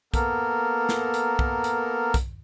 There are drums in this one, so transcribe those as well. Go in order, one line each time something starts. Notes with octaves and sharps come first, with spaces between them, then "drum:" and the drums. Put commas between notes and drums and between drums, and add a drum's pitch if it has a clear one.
A#3 B3 A4 A#4, drum: kick, hi-hat
drum: snare
drum: hi-hat
drum: kick
drum: hi-hat
drum: kick, hi-hat